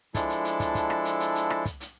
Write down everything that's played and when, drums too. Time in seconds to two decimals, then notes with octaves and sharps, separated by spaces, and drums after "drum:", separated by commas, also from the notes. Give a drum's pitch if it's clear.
0.15 F3 G#3 D4 E4 A4, drum: kick, hi-hat
0.30 drum: hi-hat
0.45 drum: hi-hat
0.60 drum: kick, hi-hat
0.75 drum: kick, hi-hat
0.90 drum: rim click
1.05 drum: hi-hat
1.20 drum: hi-hat
1.35 drum: hi-hat
1.50 drum: rim click
1.65 drum: kick, hi-hat
1.80 drum: hi-hat